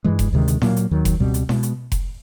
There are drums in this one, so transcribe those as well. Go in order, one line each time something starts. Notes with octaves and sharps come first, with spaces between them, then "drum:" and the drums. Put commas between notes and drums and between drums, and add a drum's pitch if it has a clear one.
G2 E3 G#3
drum: kick F1, hi-hat
D2 C3 D#3 G#3
drum: hi-hat
A#2 F#3 A#3, drum: snare E4
drum: hi-hat
D#2 D#3 F#3
drum: kick F1, hi-hat
C#2 B2 G3 C4
drum: hi-hat
B2 G#3, drum: snare E4
drum: hi-hat
drum: kick F1, hi-hat